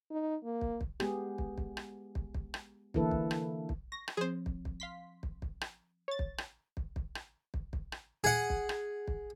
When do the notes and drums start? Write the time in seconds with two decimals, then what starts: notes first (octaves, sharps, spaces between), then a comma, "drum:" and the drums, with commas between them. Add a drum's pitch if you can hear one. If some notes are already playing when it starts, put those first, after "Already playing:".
0.10 D#4
0.44 A#3
0.61 drum: kick
0.81 drum: kick
1.00 G#3 B3 G4 G#4, drum: rim click
1.38 drum: kick
1.58 drum: kick
1.77 drum: rim click
2.15 drum: kick
2.34 drum: kick
2.54 drum: rim click
2.94 D3 E3 A#3 E4 A4 B4, drum: kick
3.11 drum: kick
3.31 drum: rim click
3.69 drum: kick
3.92 C#6 A#6
4.08 drum: rim click
4.17 F3 C4 G#4 C5
4.46 drum: kick
4.65 drum: kick
4.80 F5 C6 B6
5.23 drum: kick
5.42 drum: kick
5.61 drum: rim click
6.08 C#5 A6
6.19 drum: kick
6.38 drum: rim click
6.77 drum: kick
6.96 drum: kick
7.15 drum: rim click
7.54 drum: kick
7.73 drum: kick
7.92 drum: rim click
8.24 G#4 F#5
8.50 drum: kick
8.69 drum: rim click
9.08 drum: kick